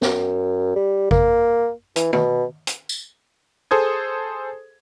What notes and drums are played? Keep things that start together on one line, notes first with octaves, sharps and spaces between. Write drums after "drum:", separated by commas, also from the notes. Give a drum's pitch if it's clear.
F#2, drum: snare
G3
A#3, drum: kick
E3, drum: hi-hat
B2, drum: tom
drum: hi-hat
drum: tambourine
G#4 A4 C5 D#6 G#6